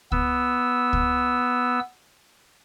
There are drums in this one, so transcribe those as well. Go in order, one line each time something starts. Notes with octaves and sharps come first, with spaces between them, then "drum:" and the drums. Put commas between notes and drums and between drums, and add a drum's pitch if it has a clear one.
B3 E6, drum: kick C#2
drum: kick C#2